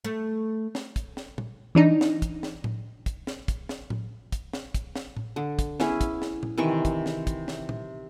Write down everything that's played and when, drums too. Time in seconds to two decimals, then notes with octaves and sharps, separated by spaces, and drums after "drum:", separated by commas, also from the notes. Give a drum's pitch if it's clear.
0.04 A3
0.75 drum: snare
0.96 drum: kick, hi-hat
1.17 drum: snare
1.38 drum: tom
1.75 E3 D4 D#4
2.01 drum: snare
2.22 drum: kick, hi-hat
2.43 drum: snare
2.64 drum: tom A2
3.06 drum: kick, hi-hat
3.27 drum: snare
3.48 drum: kick, hi-hat
3.69 drum: snare
3.90 drum: tom A2
4.32 drum: kick, hi-hat
4.53 drum: snare
4.74 drum: kick, hi-hat
4.96 drum: snare
5.17 drum: tom A2
5.36 D3
5.59 drum: kick, hi-hat
5.80 B3 C#4 E4 G#4, drum: snare
6.01 drum: kick, hi-hat
6.22 drum: snare
6.43 drum: tom
6.58 C3 D#3 E3 C#6
6.85 drum: kick, hi-hat
7.06 drum: snare
7.27 drum: kick, hi-hat
7.48 drum: snare
7.69 drum: tom